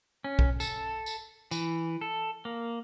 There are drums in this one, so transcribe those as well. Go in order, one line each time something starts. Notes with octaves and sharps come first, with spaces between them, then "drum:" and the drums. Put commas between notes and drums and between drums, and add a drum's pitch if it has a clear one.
C#4
drum: kick B1
A4, drum: tambourine
drum: tambourine
E3, drum: tambourine
A4
A#3